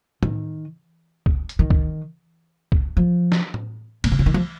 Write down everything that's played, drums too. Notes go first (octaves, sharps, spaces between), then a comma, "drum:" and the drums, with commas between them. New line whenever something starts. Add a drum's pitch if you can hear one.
D#3, drum: tom A2
drum: kick
drum: hi-hat
D#3
drum: kick
drum: kick
F3
drum: snare
drum: tom A2
A#2, drum: cymbal
C3
C#3
D#3
F3